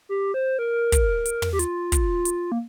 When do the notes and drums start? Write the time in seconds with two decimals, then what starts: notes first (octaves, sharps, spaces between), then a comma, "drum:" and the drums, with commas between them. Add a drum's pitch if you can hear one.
0.09 G4
0.34 C5
0.59 A#4
0.92 drum: kick, hi-hat
1.25 drum: hi-hat
1.42 drum: tom
1.53 G4
1.59 F4, drum: hi-hat
1.92 drum: kick, hi-hat
2.25 drum: hi-hat
2.52 A#3